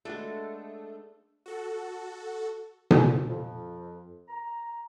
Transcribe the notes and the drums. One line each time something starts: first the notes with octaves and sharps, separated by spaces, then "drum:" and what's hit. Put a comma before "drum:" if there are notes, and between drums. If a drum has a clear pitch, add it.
G#3 A3 D4 F#4 A4 B4
F#4 A4
drum: tom B2
F2
A#5